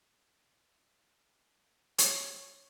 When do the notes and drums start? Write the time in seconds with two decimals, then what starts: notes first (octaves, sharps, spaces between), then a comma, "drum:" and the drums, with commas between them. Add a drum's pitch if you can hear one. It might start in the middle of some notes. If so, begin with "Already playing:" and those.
1.98 C#5, drum: hi-hat